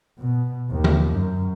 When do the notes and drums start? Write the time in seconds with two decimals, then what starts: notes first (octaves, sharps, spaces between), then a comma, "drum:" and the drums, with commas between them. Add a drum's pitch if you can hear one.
0.19 B2
0.71 D#2
0.84 drum: tom D3
1.13 F#2